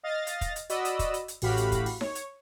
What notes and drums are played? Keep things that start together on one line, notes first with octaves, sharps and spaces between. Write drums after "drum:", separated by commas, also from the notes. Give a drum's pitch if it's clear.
D#5 F5 A6 A#6
drum: hi-hat
drum: kick, hi-hat
drum: hi-hat
F#4 D5 D#5 B5 E6, drum: hi-hat
drum: hi-hat
drum: kick, hi-hat
drum: hi-hat
drum: hi-hat
A1 A2 F#4 G4 F5 B5, drum: open hi-hat
drum: hi-hat
drum: kick, hi-hat
drum: open hi-hat
C#5, drum: snare D#4
drum: hi-hat